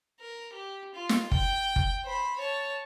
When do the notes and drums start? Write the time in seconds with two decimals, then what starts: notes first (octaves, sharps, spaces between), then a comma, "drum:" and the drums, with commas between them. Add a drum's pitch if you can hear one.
0.21 A#4
0.53 G4
0.95 F4
1.09 drum: snare
1.32 G5, drum: kick
1.76 drum: kick
2.04 C5 B5
2.39 C#5 A5